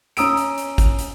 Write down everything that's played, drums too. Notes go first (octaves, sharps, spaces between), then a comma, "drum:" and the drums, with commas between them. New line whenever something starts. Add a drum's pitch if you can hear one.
C#4 A#5 D#6 E6 D7, drum: hi-hat
drum: hi-hat
drum: hi-hat
drum: kick G#1, hi-hat
drum: hi-hat